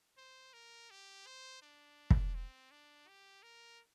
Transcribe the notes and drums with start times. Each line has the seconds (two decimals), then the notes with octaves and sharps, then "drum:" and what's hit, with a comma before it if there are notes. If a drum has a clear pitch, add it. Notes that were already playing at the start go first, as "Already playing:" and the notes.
0.18 C5
0.53 A#4
0.90 G4
1.26 C5
1.62 D4
2.11 drum: kick
2.35 C4
2.71 D4
3.08 G4
3.43 A#4